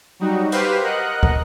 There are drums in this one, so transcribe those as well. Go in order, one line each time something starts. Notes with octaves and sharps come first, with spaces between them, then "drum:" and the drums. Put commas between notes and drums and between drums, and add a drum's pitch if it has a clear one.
F#3 G3 D#4 F#4
G4 B4 C5 F5, drum: cymbal
A#4 D#5 F#5 F#6
drum: kick